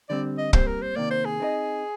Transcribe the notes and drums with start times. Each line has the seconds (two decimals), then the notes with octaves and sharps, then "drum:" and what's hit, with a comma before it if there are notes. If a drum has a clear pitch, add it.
0.09 D3 G3 C4 D5
0.38 D#5
0.53 A#2 G3 C4 C5, drum: kick
0.67 A#4
0.82 C5
0.96 C3 D#3 A#3 D5
1.11 C5
1.25 G#4
1.40 C4 D#4 A#4 D#5